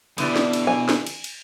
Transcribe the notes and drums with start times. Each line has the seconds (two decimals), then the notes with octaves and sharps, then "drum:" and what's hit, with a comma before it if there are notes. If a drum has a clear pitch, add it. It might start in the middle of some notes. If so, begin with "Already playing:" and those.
0.18 B2 D3 E3 G3, drum: cymbal
0.36 drum: snare
0.53 drum: cymbal
0.67 G#5
0.89 drum: snare
1.07 drum: cymbal
1.24 drum: cymbal